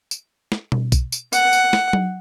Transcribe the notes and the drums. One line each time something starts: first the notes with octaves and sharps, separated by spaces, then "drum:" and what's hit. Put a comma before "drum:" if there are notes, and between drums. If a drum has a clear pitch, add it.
drum: tambourine
drum: snare
drum: tom B2
drum: kick B1, tambourine
drum: tambourine
F#5, drum: tambourine
drum: tambourine
drum: snare
drum: tom F#3